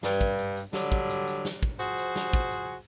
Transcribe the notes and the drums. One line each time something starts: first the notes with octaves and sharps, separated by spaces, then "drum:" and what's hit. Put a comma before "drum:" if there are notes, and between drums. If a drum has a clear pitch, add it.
G2, drum: snare
drum: kick, hi-hat
drum: hi-hat
drum: hi-hat
D3 F#3 G3, drum: snare
drum: kick, hi-hat
drum: hi-hat
drum: hi-hat
drum: snare
drum: kick
F3 F#4 G#4 C5, drum: hi-hat
drum: hi-hat
drum: snare
drum: kick, hi-hat
drum: hi-hat